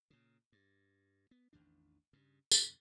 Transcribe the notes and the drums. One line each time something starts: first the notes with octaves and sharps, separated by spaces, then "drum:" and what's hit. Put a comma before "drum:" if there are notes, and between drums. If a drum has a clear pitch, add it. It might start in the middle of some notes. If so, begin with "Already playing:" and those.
A#2 C#3
G2
B3
A1 E2 D#3 D4
G2 C#3
F2 B2 D3, drum: tambourine